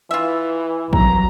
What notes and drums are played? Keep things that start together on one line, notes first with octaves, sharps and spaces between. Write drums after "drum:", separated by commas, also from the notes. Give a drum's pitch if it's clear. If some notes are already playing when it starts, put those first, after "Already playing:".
E3 F4 E5
C2 E3 F#3 A#5, drum: kick